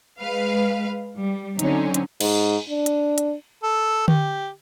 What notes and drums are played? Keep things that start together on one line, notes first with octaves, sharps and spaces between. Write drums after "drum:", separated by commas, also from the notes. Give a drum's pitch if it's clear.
G#3 B4 F5
G3
D3 F#3 C4 C#4 D#4, drum: hi-hat
drum: hi-hat
G#2, drum: cymbal
D4
drum: hi-hat
drum: hi-hat
A4
G4, drum: tom D3